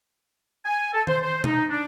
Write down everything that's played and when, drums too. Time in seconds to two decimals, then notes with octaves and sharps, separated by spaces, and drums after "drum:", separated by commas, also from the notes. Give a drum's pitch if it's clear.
0.65 G#5
0.93 A4
1.07 C5, drum: tom
1.22 C5
1.44 D#4, drum: tom
1.69 D4